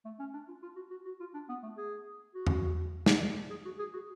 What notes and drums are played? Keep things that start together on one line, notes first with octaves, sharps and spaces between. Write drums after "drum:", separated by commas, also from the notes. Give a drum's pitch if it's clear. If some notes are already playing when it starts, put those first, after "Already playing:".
A3
C#4
D4
F4
F4
F#4
F#4
F#4
F4
D4
B3
A3
G#4
F#4
drum: tom E2
drum: snare
G#4
F#4
G#4
F#4